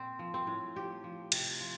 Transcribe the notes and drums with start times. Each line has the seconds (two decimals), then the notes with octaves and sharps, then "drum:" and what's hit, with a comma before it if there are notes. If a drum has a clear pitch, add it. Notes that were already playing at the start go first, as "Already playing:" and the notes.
Already playing: A#2 C4
0.19 F3
0.34 C4
0.47 A2
0.76 F3 G4
1.04 F3
1.32 C3, drum: cymbal
1.60 F3